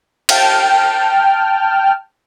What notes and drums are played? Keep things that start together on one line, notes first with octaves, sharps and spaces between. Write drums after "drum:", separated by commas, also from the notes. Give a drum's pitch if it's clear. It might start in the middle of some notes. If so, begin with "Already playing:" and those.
G5 A5 F6, drum: cymbal